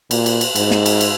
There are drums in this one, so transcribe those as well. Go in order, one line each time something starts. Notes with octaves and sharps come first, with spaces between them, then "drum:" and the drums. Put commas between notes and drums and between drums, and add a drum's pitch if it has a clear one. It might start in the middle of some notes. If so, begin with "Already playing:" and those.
A#2, drum: cymbal
drum: cymbal
drum: cymbal
G#2, drum: cymbal
drum: snare
drum: cymbal
drum: cymbal